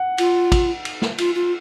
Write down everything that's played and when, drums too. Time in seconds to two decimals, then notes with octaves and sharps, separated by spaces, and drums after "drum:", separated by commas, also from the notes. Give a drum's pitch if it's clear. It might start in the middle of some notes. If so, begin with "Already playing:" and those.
Already playing: F#5
0.18 F4, drum: cymbal
0.52 drum: kick, cymbal
0.85 drum: cymbal
1.02 drum: snare
1.18 F4, drum: cymbal
1.35 F4